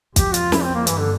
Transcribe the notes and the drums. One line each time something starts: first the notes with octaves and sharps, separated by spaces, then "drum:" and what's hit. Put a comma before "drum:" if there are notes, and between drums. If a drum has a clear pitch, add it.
F2 G4, drum: kick, hi-hat
F4, drum: hi-hat
E4, drum: snare
C4
A#3
G2 E3, drum: hi-hat
D3